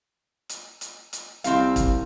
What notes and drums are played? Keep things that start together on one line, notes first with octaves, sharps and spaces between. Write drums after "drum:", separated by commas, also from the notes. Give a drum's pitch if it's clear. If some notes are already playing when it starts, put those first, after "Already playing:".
drum: hi-hat
drum: hi-hat
drum: hi-hat
C2 C4 F5, drum: hi-hat
drum: kick, hi-hat